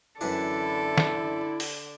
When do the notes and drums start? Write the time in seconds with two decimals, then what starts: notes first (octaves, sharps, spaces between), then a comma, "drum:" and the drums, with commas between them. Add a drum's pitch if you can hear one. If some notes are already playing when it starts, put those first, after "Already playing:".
0.21 F#2 D3 E3 D4 E4 A4 D5
0.98 drum: snare
1.60 drum: open hi-hat